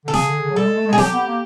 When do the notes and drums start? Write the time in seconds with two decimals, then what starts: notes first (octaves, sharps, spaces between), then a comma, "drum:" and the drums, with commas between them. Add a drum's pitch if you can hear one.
0.05 D3 A4
0.14 C#3 G#4, drum: snare
0.28 D3
0.42 D3
0.50 F#3
0.56 G3 A4
0.66 G#3
0.76 A3
0.87 G#3
0.93 G#4
0.98 F#3 G4, drum: snare
1.12 B3
1.27 A#3